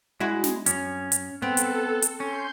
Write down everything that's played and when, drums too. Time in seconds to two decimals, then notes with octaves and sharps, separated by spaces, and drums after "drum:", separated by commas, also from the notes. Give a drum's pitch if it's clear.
0.20 G#3 E4 F#4
0.44 drum: snare
0.66 F#2 C#4, drum: hi-hat
1.12 drum: hi-hat
1.42 B3 C4 A4
1.57 drum: hi-hat
2.02 drum: hi-hat
2.20 C#4 C6 G6